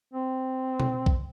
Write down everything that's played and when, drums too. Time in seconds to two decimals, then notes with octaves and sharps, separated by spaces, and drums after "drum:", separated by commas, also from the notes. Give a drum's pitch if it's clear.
0.14 C4
0.80 drum: tom B2
1.06 drum: kick